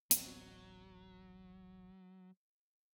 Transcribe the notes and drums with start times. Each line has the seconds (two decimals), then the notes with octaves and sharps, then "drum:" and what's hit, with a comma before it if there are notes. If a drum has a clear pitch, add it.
0.11 D1 A1 F#3 B3, drum: hi-hat